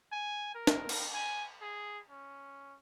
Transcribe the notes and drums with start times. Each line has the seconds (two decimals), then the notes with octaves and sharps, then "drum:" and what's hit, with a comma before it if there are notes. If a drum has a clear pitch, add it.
0.12 G#5
0.55 A#4
0.67 drum: snare
0.89 drum: cymbal
1.14 G#5
1.61 G#4
2.10 C#4